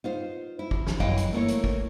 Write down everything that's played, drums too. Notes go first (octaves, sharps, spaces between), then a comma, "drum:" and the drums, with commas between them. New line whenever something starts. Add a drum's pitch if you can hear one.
D#4 F4 C5
E4
drum: kick
drum: snare
F#2 E3 D#5 F5 G5, drum: kick
drum: hi-hat
A3 A#3 E4 C#5
drum: hi-hat
drum: kick